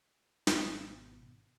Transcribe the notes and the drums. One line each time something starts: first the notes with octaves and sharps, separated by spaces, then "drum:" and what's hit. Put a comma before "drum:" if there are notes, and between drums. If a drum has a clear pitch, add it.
G#1 G#2 B2 B3, drum: snare